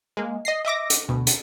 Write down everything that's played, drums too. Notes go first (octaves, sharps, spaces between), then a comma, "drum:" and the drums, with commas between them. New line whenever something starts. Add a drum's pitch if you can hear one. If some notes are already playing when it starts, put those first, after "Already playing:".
G#3 A#3
D#5 A#6 C7
D#5 E5 D6 A#6
drum: hi-hat
D2 B2
drum: hi-hat